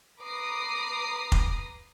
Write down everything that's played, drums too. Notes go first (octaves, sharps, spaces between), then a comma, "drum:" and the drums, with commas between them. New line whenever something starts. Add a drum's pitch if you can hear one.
B4 A#5 B5 D6 D#6 C7
drum: kick F1